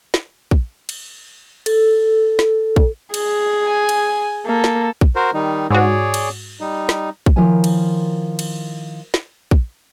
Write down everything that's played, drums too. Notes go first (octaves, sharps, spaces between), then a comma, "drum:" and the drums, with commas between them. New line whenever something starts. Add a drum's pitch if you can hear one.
drum: snare
drum: kick
drum: cymbal
A4, drum: cymbal
drum: snare
drum: kick
G#4, drum: cymbal
G#5
drum: cymbal
A#3 A4
drum: snare
drum: kick
F#4 A#4 C5
D#3 G3 D#4
G#2 F#4 G#4 C#5 D5
drum: cymbal
G3 D#4
drum: snare
drum: kick
D#3 F3 E4 A#4 C#5 G#5
drum: cymbal
drum: cymbal
drum: snare
drum: kick